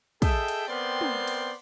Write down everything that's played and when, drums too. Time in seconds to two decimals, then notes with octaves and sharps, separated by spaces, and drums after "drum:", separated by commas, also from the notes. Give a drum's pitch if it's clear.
0.22 G#4 A4 D#5 E5 G5, drum: kick, cymbal
0.48 drum: cymbal
0.68 B3 C4 A#4 D5 G5 C6
1.01 drum: tom
1.27 drum: cymbal